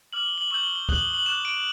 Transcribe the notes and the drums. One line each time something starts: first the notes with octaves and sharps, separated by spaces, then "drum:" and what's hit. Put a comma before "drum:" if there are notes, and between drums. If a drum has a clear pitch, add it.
D6 F6 F#7
G7
F#7
C#6 E6 G6 F#7
G7
G7
D#6 F#6 F#7, drum: kick C#2
G7
F#7
D6 F#6 E7
D7